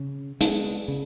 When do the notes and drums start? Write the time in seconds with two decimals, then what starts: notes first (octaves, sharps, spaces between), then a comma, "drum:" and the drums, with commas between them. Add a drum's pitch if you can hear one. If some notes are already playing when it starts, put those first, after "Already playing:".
Already playing: C#3
0.41 G#3 B3 D4, drum: hi-hat
0.88 C#3